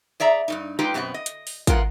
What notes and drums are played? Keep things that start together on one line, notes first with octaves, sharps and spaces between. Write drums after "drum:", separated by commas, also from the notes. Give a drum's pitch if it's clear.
G#4 D5 E5 A#5
G2 B2 D#4
G#3 D#4 F4 G4 B4 G5
F#2 B2 B3 C4 F#5
D#5
drum: hi-hat
drum: open hi-hat
G#3 B3 F4 A#4 B4 F#5, drum: kick, hi-hat